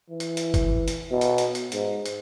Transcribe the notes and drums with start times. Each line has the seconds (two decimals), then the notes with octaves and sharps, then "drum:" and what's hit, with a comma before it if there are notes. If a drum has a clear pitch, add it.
0.10 E3
0.20 drum: hi-hat
0.37 drum: hi-hat
0.54 drum: kick, hi-hat
0.88 drum: hi-hat
1.11 B2
1.21 drum: hi-hat
1.38 drum: hi-hat
1.55 drum: hi-hat
1.72 G#2, drum: hi-hat
2.06 drum: hi-hat